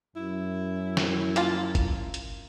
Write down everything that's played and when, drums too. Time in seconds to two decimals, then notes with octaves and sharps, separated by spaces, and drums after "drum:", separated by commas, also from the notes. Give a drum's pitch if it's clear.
0.16 F#2 E4
0.97 drum: snare
1.36 A#3 F4 A5, drum: hi-hat
1.75 drum: kick F#1, hi-hat
2.14 drum: hi-hat